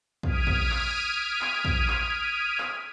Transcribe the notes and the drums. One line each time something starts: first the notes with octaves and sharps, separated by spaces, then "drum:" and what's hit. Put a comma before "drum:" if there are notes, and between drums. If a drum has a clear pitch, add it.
D#6 F6 G#6 B6 D7 D#7, drum: kick
drum: kick
drum: clap
drum: clap
drum: kick
drum: clap
drum: clap